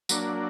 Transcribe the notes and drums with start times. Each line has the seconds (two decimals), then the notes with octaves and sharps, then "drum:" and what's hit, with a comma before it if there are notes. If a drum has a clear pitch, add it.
0.09 F#3 A#3 D4, drum: tambourine